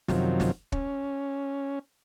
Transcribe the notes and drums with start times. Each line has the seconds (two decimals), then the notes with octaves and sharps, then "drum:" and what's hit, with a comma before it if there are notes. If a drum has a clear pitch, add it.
0.08 F#2 C3 D#3 F3 F#3, drum: snare
0.40 drum: snare
0.72 C#4, drum: kick